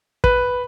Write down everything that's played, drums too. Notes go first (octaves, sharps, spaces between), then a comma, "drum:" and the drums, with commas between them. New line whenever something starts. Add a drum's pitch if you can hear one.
B4, drum: kick